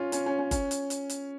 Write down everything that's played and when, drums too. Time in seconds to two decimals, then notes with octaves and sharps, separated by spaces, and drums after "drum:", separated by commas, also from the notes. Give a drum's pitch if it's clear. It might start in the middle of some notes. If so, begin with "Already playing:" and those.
Already playing: C#4 F4
0.12 C#4, drum: hi-hat
0.26 C#4
0.39 C#4
0.51 C#4, drum: kick G1, hi-hat
0.71 drum: hi-hat
0.90 drum: hi-hat
1.10 drum: hi-hat